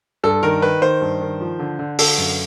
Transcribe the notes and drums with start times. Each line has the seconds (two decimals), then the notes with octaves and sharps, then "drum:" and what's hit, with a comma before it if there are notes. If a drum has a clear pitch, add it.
0.23 G2 A4
0.43 D#3 A#4
0.62 D#3 B4
0.82 D#3 C5
1.01 G2
1.21 D#3
1.41 F3
1.59 D3
1.79 D3
1.99 D3 A4, drum: open hi-hat
2.18 F#2